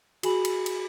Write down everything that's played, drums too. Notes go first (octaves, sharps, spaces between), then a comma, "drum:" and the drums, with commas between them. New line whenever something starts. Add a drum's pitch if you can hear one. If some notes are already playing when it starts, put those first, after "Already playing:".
F#4 G#4 G#5 B5 F#7, drum: cymbal
drum: cymbal
drum: cymbal